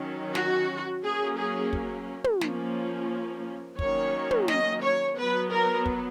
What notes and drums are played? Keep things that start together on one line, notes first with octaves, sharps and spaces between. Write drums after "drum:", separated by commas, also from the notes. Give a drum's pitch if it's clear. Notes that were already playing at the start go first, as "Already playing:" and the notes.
Already playing: D#3 F#3 C#4
F#4, drum: snare
F#3 A#3 C#4 G#4
G#4
drum: kick
drum: tom
F3 A#3 C#4, drum: snare
D#3 F#3 A#3 C#4 C#5, drum: kick
drum: tom
D#5, drum: snare
C#5
F#3 B3 B4
A#4
drum: kick